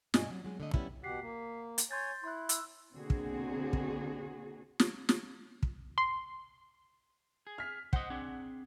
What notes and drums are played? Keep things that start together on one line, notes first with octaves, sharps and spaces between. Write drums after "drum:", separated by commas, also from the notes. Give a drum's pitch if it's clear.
G2 B2 D4 D#5 G#5, drum: snare
F#3
F#3 G#3
D3 A3 D#5
G3 B3 C#4 E4, drum: kick
B2 G4 F#5 B6 C7
A#3
drum: hi-hat
C#5 G#5 C6 G6 A6
E4 C6 F#6
E6, drum: hi-hat
B2 D3 A#3 C4 F#4 G#4
drum: kick
drum: kick
drum: snare
drum: snare
drum: kick
C6
G#4
F6 B6
C5 D#5 F#5, drum: kick
C4 D4 G#4